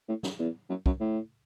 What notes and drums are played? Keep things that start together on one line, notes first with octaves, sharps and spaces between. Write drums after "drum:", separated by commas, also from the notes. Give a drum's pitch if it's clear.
A2
F#2, drum: snare
E2
F#2
F#2, drum: kick
A2